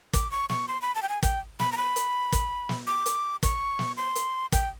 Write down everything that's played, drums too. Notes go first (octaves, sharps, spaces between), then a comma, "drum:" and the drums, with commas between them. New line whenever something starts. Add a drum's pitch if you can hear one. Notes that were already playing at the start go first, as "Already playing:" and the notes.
D6, drum: kick, hi-hat
C#6
C#6, drum: snare
C6
B5
A5
G5
G#5
G5, drum: kick, hi-hat
B5, drum: snare
A#5
B5
drum: hi-hat
drum: kick, hi-hat
drum: snare
D6
drum: hi-hat
C#6, drum: kick, hi-hat
drum: snare
C6
drum: hi-hat
G5, drum: kick, hi-hat